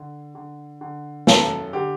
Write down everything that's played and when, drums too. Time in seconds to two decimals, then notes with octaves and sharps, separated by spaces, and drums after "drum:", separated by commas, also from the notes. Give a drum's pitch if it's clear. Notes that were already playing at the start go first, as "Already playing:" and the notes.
Already playing: D3
0.35 D3
0.81 D3
1.27 F#2 A4, drum: snare
1.73 D3 G4